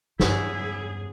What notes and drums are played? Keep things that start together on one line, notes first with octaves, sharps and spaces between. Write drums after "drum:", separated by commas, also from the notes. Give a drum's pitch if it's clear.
E2 G2 B3 C#4 E4 G#4, drum: snare